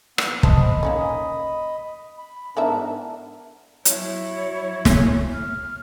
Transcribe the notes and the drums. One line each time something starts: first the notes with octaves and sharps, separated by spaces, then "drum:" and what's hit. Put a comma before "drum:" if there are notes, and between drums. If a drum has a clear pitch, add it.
B3 D5 E6, drum: rim click
C5 D#5 A5 B5 D#6, drum: kick
A#3 C#4 D#4
B5
G#2 E3 B3 D4 A#4 E5
F#3 E4 C#5, drum: hi-hat
drum: snare
F6